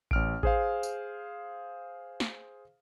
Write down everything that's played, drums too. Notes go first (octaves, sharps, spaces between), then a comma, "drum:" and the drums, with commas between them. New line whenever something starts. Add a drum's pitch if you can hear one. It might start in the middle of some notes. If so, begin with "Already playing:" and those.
A1 F6 D7, drum: kick A1
G#4 C5 F5, drum: kick A1
drum: tambourine
drum: snare